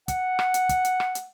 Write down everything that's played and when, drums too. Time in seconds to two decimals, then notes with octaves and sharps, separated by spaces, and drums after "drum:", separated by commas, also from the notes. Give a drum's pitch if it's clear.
0.08 F#5, drum: kick, hi-hat
0.39 drum: rim click
0.54 drum: hi-hat
0.69 drum: kick, hi-hat
0.85 drum: hi-hat
1.00 drum: rim click
1.15 drum: hi-hat